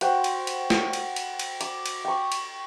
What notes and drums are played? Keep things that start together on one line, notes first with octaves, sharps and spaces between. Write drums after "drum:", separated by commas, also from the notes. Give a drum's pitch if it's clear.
F#4 C5 G5, drum: cymbal
drum: cymbal
drum: cymbal
drum: snare
drum: cymbal
drum: cymbal
drum: cymbal
D6, drum: cymbal
drum: cymbal
G5 C#6
drum: cymbal